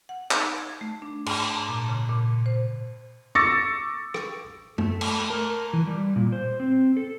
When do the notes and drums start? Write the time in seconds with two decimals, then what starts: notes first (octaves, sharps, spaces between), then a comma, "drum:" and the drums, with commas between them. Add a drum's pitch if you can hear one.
0.09 F#5
0.31 D#4, drum: clap
0.58 G#6
0.81 A3
1.02 D4
1.26 G#2, drum: cymbal
1.54 A#5
1.69 A#2
1.89 C#3
2.09 A#2
2.46 C5
3.35 C#6 D6 E6 A6 A#6 C#7
4.14 drum: rim click
4.78 A3, drum: tom F#2
5.01 drum: cymbal
5.30 A#4
5.73 E3
5.87 G3
6.16 A#2
6.32 C5
6.60 C4
6.97 A4